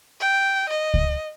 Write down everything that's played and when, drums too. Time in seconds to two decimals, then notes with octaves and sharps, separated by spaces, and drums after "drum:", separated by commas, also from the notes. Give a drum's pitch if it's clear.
0.20 G5
0.69 D#5
0.94 drum: kick C#2